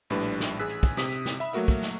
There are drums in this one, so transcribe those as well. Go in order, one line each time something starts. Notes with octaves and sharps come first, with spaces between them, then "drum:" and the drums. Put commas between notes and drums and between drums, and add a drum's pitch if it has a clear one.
A#1 A2 G3 D4 B4
drum: snare
A1 G#4 G#5 E6 F#6 B6
drum: hi-hat
drum: kick, open hi-hat
C3 D#6 B6, drum: snare
drum: hi-hat
drum: snare
E5 B5, drum: hi-hat
F#3 A3 A#3 F#4 A#4 E5, drum: hi-hat
drum: kick, open hi-hat
drum: snare